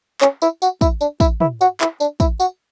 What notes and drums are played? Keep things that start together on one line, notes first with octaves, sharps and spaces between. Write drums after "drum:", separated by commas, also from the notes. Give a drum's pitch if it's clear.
C#4, drum: clap
E4, drum: tambourine
F#4, drum: tambourine
E4, drum: kick, tambourine
D4, drum: tambourine
E4, drum: kick, tambourine
E4, drum: tom
F#4, drum: tambourine
E4, drum: clap
D4, drum: tambourine
E4, drum: kick, tambourine
F#4, drum: tambourine